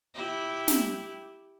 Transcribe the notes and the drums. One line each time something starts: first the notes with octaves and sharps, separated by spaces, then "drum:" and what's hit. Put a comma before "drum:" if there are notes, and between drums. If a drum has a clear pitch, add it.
E4 G4
drum: snare